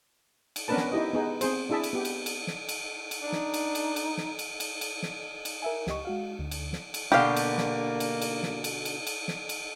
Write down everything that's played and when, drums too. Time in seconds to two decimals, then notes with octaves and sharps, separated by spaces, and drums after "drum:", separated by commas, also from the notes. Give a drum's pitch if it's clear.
0.56 drum: cymbal
0.68 B3 C#4 D4 A#4 B4 A5
0.77 drum: snare
0.92 D#4 E4 G4 D#5
1.13 B3 D#4 G#4
1.41 C4 G#4 C5, drum: cymbal
1.70 D4 E4 G#4 E5 A5
1.84 drum: cymbal
1.93 B3 G4
2.05 drum: cymbal
2.26 drum: cymbal
2.47 drum: snare
2.69 drum: cymbal
3.11 drum: cymbal
3.22 D4 D#4
3.32 drum: snare
3.54 drum: cymbal
3.75 drum: cymbal
3.96 drum: cymbal
4.17 drum: snare
4.39 drum: cymbal
4.60 drum: cymbal
4.81 drum: cymbal
5.03 drum: snare
5.45 drum: cymbal
5.62 A#4 E5 G#5
5.87 C#2 G4 D#5 C#6, drum: snare
6.05 G#3 F#4 F5
6.39 D2 D3
6.51 drum: cymbal
6.73 drum: snare
6.94 drum: cymbal
7.12 B2 D3 A#3 D4 G4 F5
7.36 drum: cymbal
7.58 drum: snare
8.00 drum: cymbal
8.22 drum: cymbal
8.43 drum: snare
8.64 drum: cymbal
8.85 drum: cymbal
9.07 drum: cymbal
9.28 drum: snare
9.49 drum: cymbal